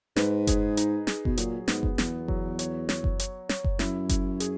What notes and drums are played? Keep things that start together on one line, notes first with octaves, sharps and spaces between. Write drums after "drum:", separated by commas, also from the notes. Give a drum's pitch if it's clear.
G#2 B4, drum: snare
G#4, drum: kick F#1, hi-hat
D#4, drum: hi-hat
G#4, drum: snare
B2, drum: kick F#1
A#2 F#3, drum: hi-hat
G#2 B3, drum: snare
drum: kick F#1
E2 B3, drum: snare
F#3, drum: kick F#1
C#5, drum: hi-hat
C#5, drum: snare
drum: kick F#1
C#5, drum: hi-hat
C#5, drum: snare
drum: kick F#1
F#2 E4, drum: snare
E4, drum: kick F#1, hi-hat
G#4, drum: hi-hat